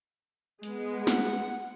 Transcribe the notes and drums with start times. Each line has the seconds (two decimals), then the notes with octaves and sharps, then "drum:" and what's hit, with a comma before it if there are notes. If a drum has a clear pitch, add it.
0.63 G#3 B3, drum: hi-hat
1.07 F#5, drum: snare